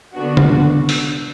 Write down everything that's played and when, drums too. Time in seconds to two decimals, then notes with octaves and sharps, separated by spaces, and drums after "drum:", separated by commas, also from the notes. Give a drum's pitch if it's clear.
0.15 D3 B3 D4 F#4
0.37 drum: tom
0.89 drum: open hi-hat